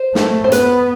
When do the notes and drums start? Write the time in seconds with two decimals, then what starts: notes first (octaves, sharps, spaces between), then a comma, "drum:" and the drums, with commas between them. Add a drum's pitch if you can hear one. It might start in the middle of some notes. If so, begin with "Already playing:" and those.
Already playing: C5
0.15 A3, drum: snare
0.44 C5
0.52 B3 B4, drum: hi-hat